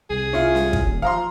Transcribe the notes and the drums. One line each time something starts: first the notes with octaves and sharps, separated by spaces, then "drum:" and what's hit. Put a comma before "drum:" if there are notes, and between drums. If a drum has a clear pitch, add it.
C2 G#4
C#4 E4 F4
drum: snare C#4
drum: kick
D#1
F3 F5 A#5 C6